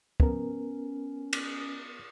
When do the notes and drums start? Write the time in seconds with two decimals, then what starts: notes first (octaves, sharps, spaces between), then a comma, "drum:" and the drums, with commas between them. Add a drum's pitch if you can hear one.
0.20 B3 C#4 A#4, drum: kick
1.33 drum: cymbal